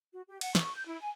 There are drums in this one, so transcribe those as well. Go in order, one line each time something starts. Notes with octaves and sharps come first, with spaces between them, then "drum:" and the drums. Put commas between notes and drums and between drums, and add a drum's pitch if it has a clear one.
F#4
G4
F#5, drum: cymbal
C#6, drum: snare
G6
E4
G#5